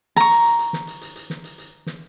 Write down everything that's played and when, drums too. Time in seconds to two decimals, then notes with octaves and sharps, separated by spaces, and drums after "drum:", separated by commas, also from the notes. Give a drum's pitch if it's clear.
0.16 A#5 C#6, drum: snare
0.31 drum: hi-hat
0.45 drum: hi-hat
0.59 drum: hi-hat
0.73 drum: snare
0.87 drum: hi-hat
1.01 drum: hi-hat
1.16 drum: hi-hat
1.30 drum: snare
1.44 drum: hi-hat
1.58 drum: hi-hat
1.86 drum: snare